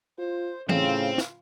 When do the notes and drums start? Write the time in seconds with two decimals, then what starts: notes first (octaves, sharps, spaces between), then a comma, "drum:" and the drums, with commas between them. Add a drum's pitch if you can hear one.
0.19 F4 C5
0.69 A2 C#3 C4 F4 F5, drum: tom E3
1.18 drum: snare